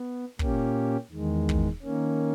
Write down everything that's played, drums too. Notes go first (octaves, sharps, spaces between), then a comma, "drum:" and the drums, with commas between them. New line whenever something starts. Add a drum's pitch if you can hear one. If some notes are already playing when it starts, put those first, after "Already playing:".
Already playing: B3
A#2 A#3 C#4 G4, drum: kick
E2 D#3 G#3
drum: kick
D#3 A#3 C#4